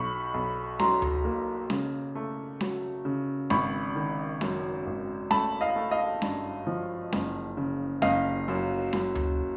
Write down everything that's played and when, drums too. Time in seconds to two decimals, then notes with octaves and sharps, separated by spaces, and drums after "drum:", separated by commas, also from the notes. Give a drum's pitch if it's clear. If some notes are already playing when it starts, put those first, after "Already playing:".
Already playing: B1 B5 C#6
0.34 B1
0.79 F#3 A#5 C6, drum: snare C#4
1.02 drum: tom D2
1.25 A#3
1.70 C#3, drum: snare C#4
2.15 A3
2.61 F#3, drum: snare C#4
3.05 C#3
3.50 G#1 B5 C#6, drum: snare C#4
3.95 D#3
4.41 F#2, drum: snare C#4
4.86 G#1
5.31 A3 A5 B5, drum: snare C#4
5.61 D#5 F5
5.76 A3
5.91 D#5 F5
6.22 G2, drum: snare C#4
6.67 F3
7.12 F#1, drum: snare C#4
7.57 C#3
8.02 F#1 D#5 F5, drum: snare C#4
8.48 F#2
8.93 F#2, drum: snare C#4
9.15 drum: tom D2